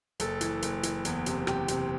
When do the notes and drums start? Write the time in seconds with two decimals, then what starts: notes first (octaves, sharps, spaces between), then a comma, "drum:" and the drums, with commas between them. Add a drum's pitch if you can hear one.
0.20 F#1 A4, drum: hi-hat
0.41 E3, drum: hi-hat
0.62 F#1, drum: hi-hat
0.83 E3, drum: hi-hat
1.05 E2, drum: hi-hat
1.26 C3, drum: hi-hat
1.47 C3 G4, drum: rim click
1.68 C3, drum: hi-hat